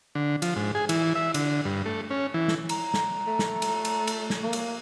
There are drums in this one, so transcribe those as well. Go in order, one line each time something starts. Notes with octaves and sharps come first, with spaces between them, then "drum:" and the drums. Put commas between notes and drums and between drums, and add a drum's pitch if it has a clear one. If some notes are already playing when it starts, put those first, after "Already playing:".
D3
F3, drum: cymbal
G#2
G#4
E3, drum: cymbal
E5
D3, drum: cymbal
G2
A3
C#4
E3
drum: snare
A#5, drum: cymbal
drum: snare
A3
drum: snare
drum: cymbal
drum: cymbal
drum: cymbal
drum: snare
A#3
drum: cymbal